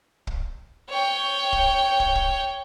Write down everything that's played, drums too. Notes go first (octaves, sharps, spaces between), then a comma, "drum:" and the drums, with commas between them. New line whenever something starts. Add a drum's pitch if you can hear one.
drum: kick
C#5 G5
drum: kick
drum: kick
drum: kick